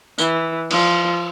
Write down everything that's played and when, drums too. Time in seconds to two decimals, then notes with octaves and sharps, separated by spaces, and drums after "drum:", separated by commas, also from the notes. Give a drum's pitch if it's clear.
0.18 E3, drum: tambourine
0.71 F3, drum: cymbal